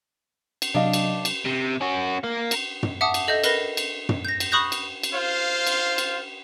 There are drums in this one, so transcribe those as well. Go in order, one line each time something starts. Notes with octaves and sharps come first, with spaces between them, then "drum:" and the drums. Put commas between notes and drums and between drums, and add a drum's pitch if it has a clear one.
drum: cymbal
C3 F#3 D4 D#5 F5
drum: cymbal
drum: cymbal
C3
C#4 F#4
A#4 F5
drum: cymbal
drum: tom
E5 F#5 A5 D6 D#6
drum: cymbal
A4 D#5 E5 G6
A#4 B4 B5 A#6, drum: cymbal
drum: cymbal
drum: tom
G6 A#6
drum: cymbal
B5 C#6 D#6 F#6 G6 A#6
drum: cymbal
drum: cymbal
F4 C5 F5
drum: cymbal
drum: cymbal